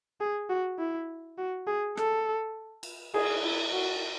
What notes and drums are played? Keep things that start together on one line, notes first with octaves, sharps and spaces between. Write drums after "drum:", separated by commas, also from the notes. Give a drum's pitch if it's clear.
G#4
F#4
E4
F#4
G#4
A4, drum: rim click
drum: cymbal
G#4, drum: cymbal
E4
F#4